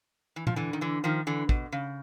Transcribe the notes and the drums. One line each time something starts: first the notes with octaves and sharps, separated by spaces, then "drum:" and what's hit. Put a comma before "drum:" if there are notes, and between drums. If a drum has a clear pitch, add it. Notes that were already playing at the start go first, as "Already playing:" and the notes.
E3
F3, drum: tom A#2
D3 E3
D#3
D3 E3
D#3 F3
D3 E3
B2, drum: kick
C#3